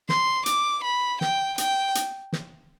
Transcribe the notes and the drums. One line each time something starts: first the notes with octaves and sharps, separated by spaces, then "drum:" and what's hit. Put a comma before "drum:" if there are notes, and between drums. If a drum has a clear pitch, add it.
C6, drum: snare
D6, drum: hi-hat
B5
G5, drum: snare
G5, drum: hi-hat
drum: hi-hat
drum: snare